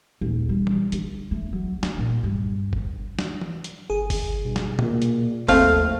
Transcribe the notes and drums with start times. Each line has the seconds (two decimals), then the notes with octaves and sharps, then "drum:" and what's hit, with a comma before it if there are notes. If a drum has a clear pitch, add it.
0.21 D#1
0.49 G3
0.67 drum: tom E3
0.92 D3, drum: hi-hat
1.31 A3
1.53 F#3
1.83 A3, drum: snare
1.98 A#2
2.23 G2
2.73 drum: kick G1
3.19 drum: snare
3.41 drum: tom E3
3.64 drum: hi-hat
3.90 G1 G#4
4.10 drum: kick G1, open hi-hat
4.45 G2 B2
4.56 drum: snare
4.79 A#2, drum: tom A#2
5.02 drum: hi-hat
5.48 F#1 D#2 A3 C4 F5 F6, drum: kick G1, open hi-hat